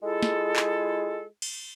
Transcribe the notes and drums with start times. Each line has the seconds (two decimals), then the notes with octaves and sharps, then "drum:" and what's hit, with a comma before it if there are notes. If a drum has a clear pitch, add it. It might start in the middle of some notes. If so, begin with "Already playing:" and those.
0.01 G#3 E4 F4 G#4 A4
0.23 drum: snare
0.56 drum: clap
1.42 drum: cymbal